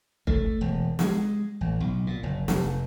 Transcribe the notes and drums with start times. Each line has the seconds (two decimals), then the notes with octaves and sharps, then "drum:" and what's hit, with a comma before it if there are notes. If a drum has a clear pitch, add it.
0.27 A3, drum: kick
0.61 E1
0.99 G#3, drum: snare
1.61 A1
1.80 B1
2.07 A#2
2.23 F#1
2.48 F1, drum: snare